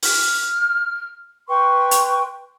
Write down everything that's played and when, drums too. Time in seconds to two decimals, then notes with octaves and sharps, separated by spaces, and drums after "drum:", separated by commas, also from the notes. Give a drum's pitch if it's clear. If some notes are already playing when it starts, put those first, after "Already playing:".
0.03 F6, drum: open hi-hat
1.48 B4 G5 C6 C#6
1.91 drum: hi-hat